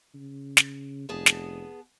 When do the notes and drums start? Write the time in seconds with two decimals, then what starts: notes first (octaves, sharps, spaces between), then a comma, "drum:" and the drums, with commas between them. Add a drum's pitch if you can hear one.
0.15 C#3
0.57 drum: snare
1.09 F1 B3 G#4 A5
1.26 drum: snare